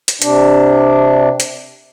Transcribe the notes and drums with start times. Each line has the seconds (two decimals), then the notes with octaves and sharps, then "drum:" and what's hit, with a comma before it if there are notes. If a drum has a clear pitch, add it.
0.08 drum: hi-hat
0.22 C3 D4, drum: hi-hat
1.40 drum: hi-hat